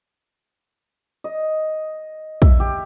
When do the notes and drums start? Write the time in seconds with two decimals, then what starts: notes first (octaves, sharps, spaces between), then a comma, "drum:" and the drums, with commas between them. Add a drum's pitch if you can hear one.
1.24 D#5
2.42 E5, drum: kick
2.60 G4